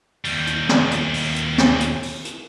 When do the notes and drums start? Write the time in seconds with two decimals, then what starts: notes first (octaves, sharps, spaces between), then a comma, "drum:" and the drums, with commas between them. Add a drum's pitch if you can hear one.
0.25 D#2 G3, drum: open hi-hat
0.47 drum: hi-hat
0.69 drum: snare
0.91 drum: hi-hat
1.14 drum: open hi-hat
1.36 drum: hi-hat
1.58 drum: snare
1.80 drum: hi-hat
2.03 drum: open hi-hat
2.25 drum: hi-hat